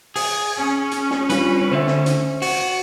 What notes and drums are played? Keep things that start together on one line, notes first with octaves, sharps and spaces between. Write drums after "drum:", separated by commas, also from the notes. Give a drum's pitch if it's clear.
G#4, drum: open hi-hat
C#4
drum: hi-hat
drum: snare
G3 D4 F4 B4, drum: hi-hat
D2 D3 C5 E5
drum: snare
drum: hi-hat
F#4, drum: open hi-hat